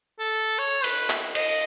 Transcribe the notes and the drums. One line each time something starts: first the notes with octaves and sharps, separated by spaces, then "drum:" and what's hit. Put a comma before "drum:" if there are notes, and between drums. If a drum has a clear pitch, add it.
A4
C#5
B4, drum: cymbal
drum: clap
D#5, drum: cymbal